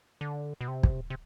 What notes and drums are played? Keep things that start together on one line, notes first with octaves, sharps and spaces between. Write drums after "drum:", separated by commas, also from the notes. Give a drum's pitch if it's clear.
D3
B2
C3
drum: kick
C3